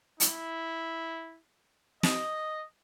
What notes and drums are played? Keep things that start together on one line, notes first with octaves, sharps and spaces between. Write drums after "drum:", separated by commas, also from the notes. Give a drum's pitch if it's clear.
E4, drum: hi-hat
D#5, drum: snare